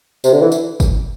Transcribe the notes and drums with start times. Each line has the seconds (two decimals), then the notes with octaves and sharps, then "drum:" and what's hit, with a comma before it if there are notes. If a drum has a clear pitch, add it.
0.24 C3, drum: tambourine
0.33 D3
0.42 E3
0.52 drum: tambourine
0.80 drum: kick G1, tambourine